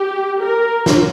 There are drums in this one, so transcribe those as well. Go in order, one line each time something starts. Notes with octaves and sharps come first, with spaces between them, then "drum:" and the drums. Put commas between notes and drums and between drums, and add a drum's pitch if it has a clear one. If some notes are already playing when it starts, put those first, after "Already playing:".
Already playing: G4
A#4
drum: snare